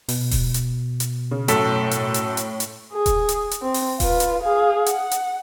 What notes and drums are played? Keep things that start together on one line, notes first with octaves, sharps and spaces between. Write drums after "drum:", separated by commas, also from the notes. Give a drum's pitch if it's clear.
B2, drum: open hi-hat
drum: kick D#1, open hi-hat
drum: hi-hat
drum: hi-hat
C#3
F#2 A2 A4 B6, drum: hi-hat
drum: hi-hat
drum: hi-hat
drum: hi-hat
drum: hi-hat
G#4
drum: kick D#1, hi-hat
drum: hi-hat
drum: hi-hat
C4
drum: open hi-hat
F4 B4, drum: kick D#1, open hi-hat
drum: hi-hat
G#4 F5
F#5, drum: hi-hat
drum: hi-hat